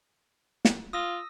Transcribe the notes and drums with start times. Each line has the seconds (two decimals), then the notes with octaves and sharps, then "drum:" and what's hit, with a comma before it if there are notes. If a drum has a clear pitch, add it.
0.65 drum: snare
0.93 F4 D#6 E6 A#6